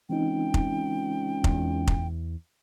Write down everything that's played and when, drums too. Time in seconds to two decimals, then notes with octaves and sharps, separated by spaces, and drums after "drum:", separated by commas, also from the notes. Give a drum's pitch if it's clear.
0.10 C#2 E3 C4 D#4 G5
0.54 drum: kick F1
1.44 E2, drum: kick F1
1.87 drum: kick F1